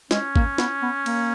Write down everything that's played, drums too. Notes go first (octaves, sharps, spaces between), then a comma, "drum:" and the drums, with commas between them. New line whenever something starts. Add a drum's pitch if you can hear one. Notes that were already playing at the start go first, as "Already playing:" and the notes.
G#3 C#4, drum: snare
A#3, drum: kick
B3, drum: snare
B3
A#3, drum: cymbal